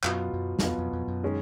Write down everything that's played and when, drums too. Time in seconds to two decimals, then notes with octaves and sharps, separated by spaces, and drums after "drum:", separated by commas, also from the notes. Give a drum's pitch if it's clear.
0.04 F#2 B2 F#3 B3 F4, drum: clap
0.33 F#2
0.59 F#2, drum: snare
0.62 F2 B2 F#3 B3 F4
0.78 F2
0.93 F2
1.08 F#2
1.23 D#3 G#3 C#4